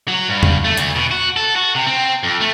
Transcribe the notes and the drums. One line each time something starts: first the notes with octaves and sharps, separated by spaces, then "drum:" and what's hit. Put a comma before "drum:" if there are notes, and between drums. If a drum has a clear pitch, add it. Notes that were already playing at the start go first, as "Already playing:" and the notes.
F#3
G2
drum: tom E2
A3
D2, drum: hi-hat
B2
F#4
A4
F#4
C3
C4
F2
A3